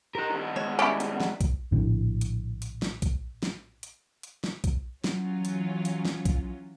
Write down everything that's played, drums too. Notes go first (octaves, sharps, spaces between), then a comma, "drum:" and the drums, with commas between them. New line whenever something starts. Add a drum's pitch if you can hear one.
D#4 G4 A#4 C6 F#6
G2 D#3
G#3 B3 F#4 C#5
C#4 D4 E4 G4
drum: hi-hat
drum: snare
drum: kick, hi-hat
A#1 A2 D3
drum: hi-hat
drum: hi-hat
drum: snare
drum: kick, hi-hat
drum: snare
drum: hi-hat
drum: hi-hat
drum: snare
drum: kick, hi-hat
E3 F#3 C#4 F4, drum: snare
drum: hi-hat
drum: hi-hat
drum: snare
drum: kick, hi-hat